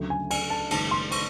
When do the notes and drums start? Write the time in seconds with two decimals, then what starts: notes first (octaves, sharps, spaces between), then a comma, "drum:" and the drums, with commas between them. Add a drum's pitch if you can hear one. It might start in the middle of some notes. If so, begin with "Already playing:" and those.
Already playing: D2 C#3 F#3 A3
0.10 G#5
0.30 G#5, drum: cymbal
0.50 A5
0.71 F#1 F#2 D#3 G#3 A5, drum: cymbal
0.91 C6
1.11 C#6, drum: cymbal